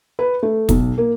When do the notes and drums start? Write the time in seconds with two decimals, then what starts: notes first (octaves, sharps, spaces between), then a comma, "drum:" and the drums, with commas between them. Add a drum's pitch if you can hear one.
0.19 B4
0.43 A3
0.69 B1, drum: kick, hi-hat
0.98 A#3